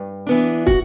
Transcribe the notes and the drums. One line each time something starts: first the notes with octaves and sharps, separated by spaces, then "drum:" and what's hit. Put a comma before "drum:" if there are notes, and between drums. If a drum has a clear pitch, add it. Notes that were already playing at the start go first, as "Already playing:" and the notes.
Already playing: G2
E3 B3 D4
F#4, drum: kick